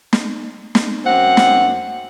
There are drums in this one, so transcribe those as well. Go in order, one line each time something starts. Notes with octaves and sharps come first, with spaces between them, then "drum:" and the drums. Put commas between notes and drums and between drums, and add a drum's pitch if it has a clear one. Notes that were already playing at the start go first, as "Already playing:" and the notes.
drum: snare
drum: snare
F#2 C4 F#5
drum: snare